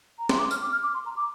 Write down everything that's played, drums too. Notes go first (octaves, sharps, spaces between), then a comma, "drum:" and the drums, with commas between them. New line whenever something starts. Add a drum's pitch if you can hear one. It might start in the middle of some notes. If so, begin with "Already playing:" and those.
A#5
C6, drum: snare
D6
F6, drum: tambourine
D6
F6
D6
C6
A#5
D6